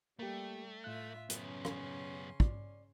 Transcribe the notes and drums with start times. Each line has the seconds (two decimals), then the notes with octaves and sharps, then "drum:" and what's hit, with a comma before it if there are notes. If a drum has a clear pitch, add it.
0.19 G3 A3 A#3 G4 G5
0.84 A2 F4 E5 F#6
1.30 F#2 C#3 B3 C#4 C6, drum: hi-hat
1.65 drum: rim click
2.40 D5, drum: kick